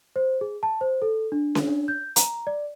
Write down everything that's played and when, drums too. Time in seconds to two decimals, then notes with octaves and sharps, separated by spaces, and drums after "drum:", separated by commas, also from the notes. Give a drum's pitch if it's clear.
0.16 C5
0.41 G#4
0.63 A5
0.81 C5
1.02 A4
1.32 D4
1.55 drum: snare C#4
1.67 D4
1.88 G6
2.16 A#5, drum: hi-hat
2.47 D5